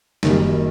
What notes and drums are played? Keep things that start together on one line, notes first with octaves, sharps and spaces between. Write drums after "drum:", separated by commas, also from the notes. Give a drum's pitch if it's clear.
F#1 F#2 D#3 G3, drum: snare